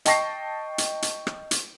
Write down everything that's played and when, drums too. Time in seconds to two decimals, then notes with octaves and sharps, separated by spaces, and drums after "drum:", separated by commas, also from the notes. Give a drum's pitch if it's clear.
0.05 D#5 G5 A5 C#6 A#6 C7, drum: hi-hat
0.78 drum: hi-hat
1.02 drum: hi-hat
1.27 drum: rim click
1.51 drum: hi-hat